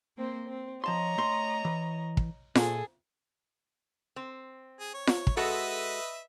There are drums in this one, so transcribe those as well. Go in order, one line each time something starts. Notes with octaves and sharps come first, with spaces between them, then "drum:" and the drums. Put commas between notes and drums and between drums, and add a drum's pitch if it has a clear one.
A#3 C4 C5
C4
F3 C#5 D#5 A5 A#5 C6
A3 C6
E3
drum: kick
A#2 G#4 A4, drum: snare F4
C4
G#4
C#5
drum: snare F4
drum: kick
G#3 F#4 A4 B4 D#5 E5